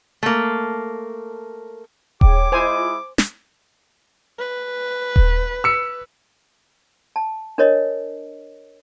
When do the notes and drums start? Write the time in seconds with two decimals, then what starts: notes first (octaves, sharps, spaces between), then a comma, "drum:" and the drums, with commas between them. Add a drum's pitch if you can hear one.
0.23 A3 A#3
2.21 G#4 C#5 G5 D6, drum: kick D#1
2.52 G#3 E4 F4 C5 D#5 G#5
3.18 drum: snare
4.38 B4
5.16 drum: kick D#1
5.64 E6 C#7
7.16 A5
7.58 D4 A#4 C#5 D#5